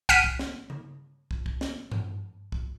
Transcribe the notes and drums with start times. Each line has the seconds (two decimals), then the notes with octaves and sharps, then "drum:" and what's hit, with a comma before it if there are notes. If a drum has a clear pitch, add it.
0.09 F#5 F6 B6 D7 D#7, drum: kick
0.24 drum: kick
0.39 drum: snare
0.70 drum: tom C#3
1.31 drum: kick
1.46 drum: kick
1.61 drum: snare
1.92 drum: tom G2
2.52 drum: kick